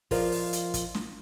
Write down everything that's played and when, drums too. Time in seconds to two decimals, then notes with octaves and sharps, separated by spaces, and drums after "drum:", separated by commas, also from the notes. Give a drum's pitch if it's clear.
0.11 F3 F4 A#4 D5 D#5, drum: kick, open hi-hat
0.32 drum: open hi-hat
0.53 drum: hi-hat
0.74 drum: kick, hi-hat
0.95 drum: snare